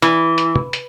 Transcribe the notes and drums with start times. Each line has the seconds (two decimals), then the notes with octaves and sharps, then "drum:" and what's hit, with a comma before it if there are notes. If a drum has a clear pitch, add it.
0.02 E3, drum: hi-hat
0.38 drum: hi-hat
0.56 drum: tom
0.73 drum: hi-hat